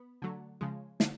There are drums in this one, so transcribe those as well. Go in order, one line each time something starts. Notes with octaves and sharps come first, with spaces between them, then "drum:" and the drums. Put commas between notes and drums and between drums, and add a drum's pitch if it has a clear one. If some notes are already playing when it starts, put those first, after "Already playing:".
Already playing: B3
D3 F#3 A3
C#3 F3 G#3
D3, drum: snare